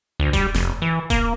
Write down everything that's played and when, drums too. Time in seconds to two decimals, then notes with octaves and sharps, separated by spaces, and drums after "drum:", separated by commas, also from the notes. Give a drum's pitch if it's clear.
0.20 D2
0.33 G3, drum: kick D#1, hi-hat
0.54 F1, drum: snare
0.82 E3
1.10 A#3, drum: kick D#1, hi-hat